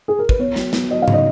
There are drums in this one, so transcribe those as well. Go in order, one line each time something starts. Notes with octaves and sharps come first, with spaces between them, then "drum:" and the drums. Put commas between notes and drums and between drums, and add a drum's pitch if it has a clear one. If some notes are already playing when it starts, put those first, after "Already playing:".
G#4
A#4
B4, drum: kick
B3 C#5
F#3, drum: snare
B3, drum: snare
F#3 D#5
F5
C#3, drum: tom G#2
D#5